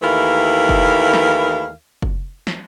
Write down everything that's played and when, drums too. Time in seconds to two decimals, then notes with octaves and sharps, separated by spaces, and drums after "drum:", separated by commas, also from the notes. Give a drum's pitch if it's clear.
0.03 D#2 E3 A3 E4 A#4 F5
0.69 drum: kick
1.14 drum: snare
2.02 drum: kick
2.47 drum: snare